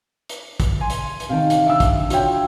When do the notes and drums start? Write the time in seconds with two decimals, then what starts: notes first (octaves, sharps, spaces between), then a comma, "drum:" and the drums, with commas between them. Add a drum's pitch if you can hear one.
0.29 drum: hi-hat
0.60 drum: kick, hi-hat
0.81 G#5 C6
0.90 drum: hi-hat
1.20 drum: hi-hat
1.29 C3 D#3 F5 G5 A5
1.50 drum: hi-hat
1.66 D4 E5 E6
1.80 drum: kick, hi-hat
2.10 F4 F#4 C#5 G5, drum: hi-hat